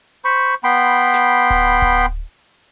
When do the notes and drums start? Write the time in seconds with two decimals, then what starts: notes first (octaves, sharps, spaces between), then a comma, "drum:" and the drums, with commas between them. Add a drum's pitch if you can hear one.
0.25 C5 B5 C#6
0.64 B3 G5 B5 C6, drum: hi-hat
1.14 drum: snare
1.50 drum: kick D1
1.82 drum: kick D1